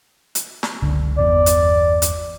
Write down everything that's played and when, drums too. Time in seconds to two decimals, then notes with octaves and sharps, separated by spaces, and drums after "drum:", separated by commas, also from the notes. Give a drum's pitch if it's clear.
0.35 drum: hi-hat
0.63 drum: snare
0.82 F#1 C#2 D3
1.18 G1 E2 D5
1.46 drum: hi-hat
2.02 drum: hi-hat